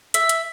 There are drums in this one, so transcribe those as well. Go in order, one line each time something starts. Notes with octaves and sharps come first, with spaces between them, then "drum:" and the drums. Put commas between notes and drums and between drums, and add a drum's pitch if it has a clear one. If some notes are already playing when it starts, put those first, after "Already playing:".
E5, drum: hi-hat
drum: hi-hat